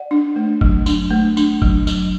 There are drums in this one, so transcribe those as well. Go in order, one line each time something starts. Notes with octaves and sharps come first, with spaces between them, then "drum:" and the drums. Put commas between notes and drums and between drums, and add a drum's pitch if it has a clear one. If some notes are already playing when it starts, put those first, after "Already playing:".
Already playing: D5 F#5
D4
A3
F#3, drum: kick
D4, drum: tambourine
A3
D4, drum: tambourine
F#3, drum: kick
F#3, drum: tambourine